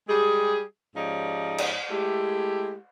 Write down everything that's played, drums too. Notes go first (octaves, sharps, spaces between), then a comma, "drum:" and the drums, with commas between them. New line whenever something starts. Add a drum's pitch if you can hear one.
G3 G#3 G4 G#4
G#2 F3 C#4 D#4 G4 D5
drum: cymbal
G#3 A3 E4 G4